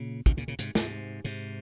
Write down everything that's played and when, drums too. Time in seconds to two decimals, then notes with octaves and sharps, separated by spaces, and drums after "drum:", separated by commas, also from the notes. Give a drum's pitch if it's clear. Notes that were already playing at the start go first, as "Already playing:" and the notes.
Already playing: A#2 C#3
0.26 C3 D#3, drum: kick
0.37 A#2 C#3
0.48 A#2 C#3
0.59 G#2 C3, drum: hi-hat
0.75 G#2 C3, drum: snare
1.24 G#2 C3